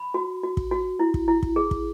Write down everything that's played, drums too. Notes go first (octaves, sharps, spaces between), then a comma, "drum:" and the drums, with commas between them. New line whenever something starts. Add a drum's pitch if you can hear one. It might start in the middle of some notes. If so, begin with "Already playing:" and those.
Already playing: B5
F#4
F#4
drum: kick
F#4
E4
drum: kick
E4
drum: kick
G#4
drum: kick